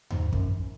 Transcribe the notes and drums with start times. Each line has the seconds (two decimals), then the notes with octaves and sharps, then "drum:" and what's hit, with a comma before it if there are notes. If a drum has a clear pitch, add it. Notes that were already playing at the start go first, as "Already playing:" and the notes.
0.10 G#2, drum: tom D#2
0.32 F#2, drum: kick